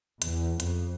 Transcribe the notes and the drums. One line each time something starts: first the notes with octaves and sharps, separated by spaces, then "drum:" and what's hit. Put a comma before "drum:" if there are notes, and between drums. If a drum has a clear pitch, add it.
E2, drum: hi-hat
F2, drum: hi-hat